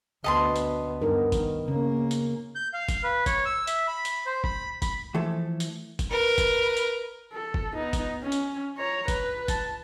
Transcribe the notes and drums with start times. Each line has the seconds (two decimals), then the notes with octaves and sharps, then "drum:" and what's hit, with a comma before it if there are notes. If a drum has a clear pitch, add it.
0.24 D2 B3 D#5 A5 C6
0.56 drum: hi-hat
1.02 G2 B3 D#4 A#4
1.32 D#3, drum: kick, hi-hat
1.68 C#3 A#3 C#4
2.11 drum: hi-hat
2.55 G6
2.74 F5
2.89 drum: kick, hi-hat
3.04 B4
3.26 C#5, drum: kick, hi-hat
3.46 E6
3.67 E5, drum: hi-hat
3.88 B5
4.05 drum: hi-hat
4.26 C5
4.44 B5, drum: kick
4.82 B5, drum: kick, hi-hat
5.14 E3 F3 A3 A4
5.60 drum: hi-hat
5.99 drum: kick, hi-hat
6.10 A#4 B4
6.38 drum: kick, hi-hat
6.77 drum: hi-hat
7.33 A4
7.54 drum: kick
7.74 B3 D#4
7.93 drum: kick, hi-hat
8.22 C#4
8.32 drum: hi-hat
8.78 C#5 A#5
9.08 B4, drum: kick, hi-hat
9.48 A5, drum: kick, hi-hat